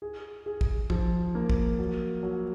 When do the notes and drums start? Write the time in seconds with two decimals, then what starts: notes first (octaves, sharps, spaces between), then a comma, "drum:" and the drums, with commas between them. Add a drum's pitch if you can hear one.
0.02 G#4
0.46 G#4
0.61 drum: kick
0.90 F3, drum: kick
1.35 A#3
1.50 drum: kick
1.79 F#3
2.23 F#3